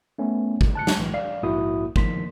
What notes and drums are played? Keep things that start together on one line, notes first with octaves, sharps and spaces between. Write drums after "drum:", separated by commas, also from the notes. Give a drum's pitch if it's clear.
A3 B3 C#4
drum: kick
A5 F#6 C#7
drum: snare
B1 A2 E3 F#3
D5 F5 C7
A#1 G#2 A#3 E4 F#4 D#6
D#3 F3 A#3 C6 B6, drum: kick